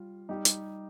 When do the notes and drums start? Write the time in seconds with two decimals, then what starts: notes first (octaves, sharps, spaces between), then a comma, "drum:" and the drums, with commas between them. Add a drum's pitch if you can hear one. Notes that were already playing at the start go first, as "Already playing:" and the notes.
Already playing: G3 F4
0.29 G3 D#4 G4
0.45 drum: hi-hat